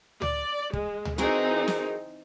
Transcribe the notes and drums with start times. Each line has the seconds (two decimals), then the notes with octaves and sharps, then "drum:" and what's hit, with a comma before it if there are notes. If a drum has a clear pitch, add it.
0.22 D5, drum: tom C#2
0.73 G#3, drum: kick
1.05 drum: tom C#2
1.18 E3 C4 D#4 F#4 G#4 A#4
1.68 drum: snare